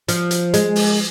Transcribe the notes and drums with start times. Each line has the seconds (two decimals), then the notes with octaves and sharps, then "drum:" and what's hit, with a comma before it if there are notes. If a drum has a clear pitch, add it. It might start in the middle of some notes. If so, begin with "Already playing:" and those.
0.08 F3, drum: hi-hat
0.31 drum: hi-hat
0.54 G#3, drum: hi-hat
0.76 drum: open hi-hat